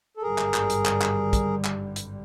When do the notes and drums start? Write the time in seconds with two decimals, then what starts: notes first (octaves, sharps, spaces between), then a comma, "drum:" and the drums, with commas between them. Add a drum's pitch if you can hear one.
0.17 A4
0.22 G#1 G2 D3 G3 G#4 A#4
0.38 drum: clap
0.54 drum: clap
0.70 drum: hi-hat
0.86 drum: clap
1.01 drum: clap
1.33 drum: kick, hi-hat
1.65 drum: clap
1.96 drum: hi-hat